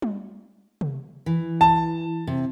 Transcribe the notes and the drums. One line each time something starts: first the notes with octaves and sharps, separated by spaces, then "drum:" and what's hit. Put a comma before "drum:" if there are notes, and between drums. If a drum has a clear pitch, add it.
drum: tom G3
drum: tom C3
E3
A5
C3